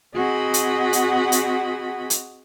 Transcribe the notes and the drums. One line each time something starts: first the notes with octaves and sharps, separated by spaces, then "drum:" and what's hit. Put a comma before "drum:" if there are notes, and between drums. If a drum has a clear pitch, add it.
C4 F#4 G#4 D#5 F#5 B5
drum: hi-hat
drum: hi-hat
drum: hi-hat
drum: hi-hat